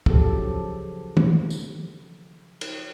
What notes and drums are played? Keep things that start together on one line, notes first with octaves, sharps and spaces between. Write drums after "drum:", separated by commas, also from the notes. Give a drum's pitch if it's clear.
C#3 F3 F#3 G4 A4, drum: kick
drum: tom
drum: tambourine
drum: cymbal